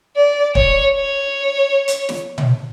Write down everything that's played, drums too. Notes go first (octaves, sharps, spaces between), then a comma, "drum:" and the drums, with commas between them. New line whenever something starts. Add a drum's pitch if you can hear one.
D5
C#5, drum: kick
C#5
drum: hi-hat
drum: snare
drum: tom A#2